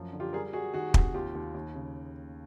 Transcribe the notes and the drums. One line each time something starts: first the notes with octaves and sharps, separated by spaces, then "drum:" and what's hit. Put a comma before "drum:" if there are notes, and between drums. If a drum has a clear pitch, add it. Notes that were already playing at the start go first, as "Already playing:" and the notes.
Already playing: F#2 F3
D3
F4 G4
G3 G#4 A#4
G3 F#4 G#4
D#3 F#4 G#4
C3, drum: kick
D#2 F4 G4
D#2
D#2
C#3